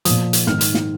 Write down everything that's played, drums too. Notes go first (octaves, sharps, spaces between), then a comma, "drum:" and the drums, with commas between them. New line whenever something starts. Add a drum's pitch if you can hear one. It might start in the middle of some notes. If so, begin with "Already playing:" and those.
A#2 F3 D#6, drum: hi-hat
drum: hi-hat
G#2 D#3 F6, drum: snare
drum: hi-hat
drum: snare